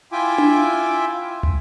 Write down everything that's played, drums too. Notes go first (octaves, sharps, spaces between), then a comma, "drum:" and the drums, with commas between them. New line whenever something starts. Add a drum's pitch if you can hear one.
E4 F4 E5 G5 G#5 D6
drum: tom D4
drum: tom